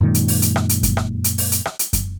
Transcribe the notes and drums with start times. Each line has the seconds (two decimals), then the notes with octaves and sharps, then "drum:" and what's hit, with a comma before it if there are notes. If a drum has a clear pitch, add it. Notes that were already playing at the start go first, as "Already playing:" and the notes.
0.01 F#2 A#2 D#3 G#3
0.14 drum: hi-hat
0.28 drum: open hi-hat
0.42 drum: hi-hat
0.56 drum: rim click
0.69 drum: hi-hat
0.83 drum: kick F#2, hi-hat
0.97 drum: rim click
1.24 drum: hi-hat
1.38 drum: open hi-hat
1.52 drum: hi-hat
1.65 drum: rim click
1.79 drum: hi-hat
1.93 drum: kick F#2, hi-hat